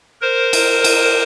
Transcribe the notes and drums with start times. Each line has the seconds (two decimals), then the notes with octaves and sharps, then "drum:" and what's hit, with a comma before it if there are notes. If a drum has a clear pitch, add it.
0.21 A#4 C5
0.53 drum: cymbal
0.84 drum: cymbal